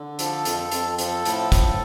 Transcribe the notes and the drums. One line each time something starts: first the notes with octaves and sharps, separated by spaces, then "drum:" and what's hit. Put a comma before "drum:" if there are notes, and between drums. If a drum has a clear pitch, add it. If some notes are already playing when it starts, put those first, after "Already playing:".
Already playing: D3
F3 A4, drum: hi-hat
F2, drum: hi-hat
A4
F2, drum: hi-hat
F3 A4, drum: hi-hat
A2, drum: hi-hat
F3, drum: kick, hi-hat